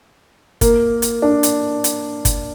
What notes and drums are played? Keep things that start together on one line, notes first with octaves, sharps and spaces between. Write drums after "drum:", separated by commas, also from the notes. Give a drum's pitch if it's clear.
A#3, drum: kick G1, hi-hat
drum: hi-hat
D4
drum: hi-hat
drum: hi-hat
drum: kick G1, hi-hat